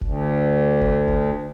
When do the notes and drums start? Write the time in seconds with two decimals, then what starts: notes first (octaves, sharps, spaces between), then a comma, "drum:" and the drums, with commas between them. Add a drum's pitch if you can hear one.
0.01 D2, drum: kick F1
0.81 drum: kick F1
1.08 drum: kick F1